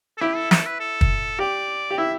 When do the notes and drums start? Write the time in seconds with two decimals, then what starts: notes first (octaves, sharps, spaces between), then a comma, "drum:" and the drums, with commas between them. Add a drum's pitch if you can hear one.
0.17 A4
0.21 E4 G4
0.36 A4
0.51 A4, drum: snare
0.66 B4
0.80 A4
1.01 drum: kick
1.39 G4 D5
1.91 G4
1.98 E4 E5